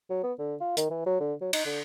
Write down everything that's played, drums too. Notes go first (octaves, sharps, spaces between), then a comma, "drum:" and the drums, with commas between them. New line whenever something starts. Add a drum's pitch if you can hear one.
F#3
B3
D3
F4
D#3, drum: hi-hat
E3
F#3
D3
F#3
D#4, drum: cymbal
D3